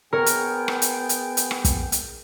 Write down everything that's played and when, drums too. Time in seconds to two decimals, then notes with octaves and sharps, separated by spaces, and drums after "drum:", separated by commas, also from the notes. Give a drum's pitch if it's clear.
0.13 B3 G#4 A#4 C#5 G5
0.26 drum: hi-hat
0.68 drum: rim click
0.82 drum: hi-hat
1.09 drum: hi-hat
1.37 drum: hi-hat
1.51 drum: rim click
1.65 drum: kick, hi-hat
1.92 drum: hi-hat